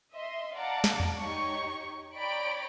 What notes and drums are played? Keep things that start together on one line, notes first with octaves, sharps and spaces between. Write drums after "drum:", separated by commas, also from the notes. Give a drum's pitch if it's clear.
D#5 E5 C6
D5 F5 F#5 A5 A#5 D6
drum: snare
drum: tom E2
D#4 G4 C#5 C#6
C#5 D5 G5 A#5 B5 D7